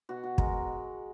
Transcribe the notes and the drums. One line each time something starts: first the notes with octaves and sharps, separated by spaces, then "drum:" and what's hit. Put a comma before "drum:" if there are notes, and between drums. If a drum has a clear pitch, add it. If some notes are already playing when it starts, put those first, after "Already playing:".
B2 F#4
F#4
G#3 A#4, drum: kick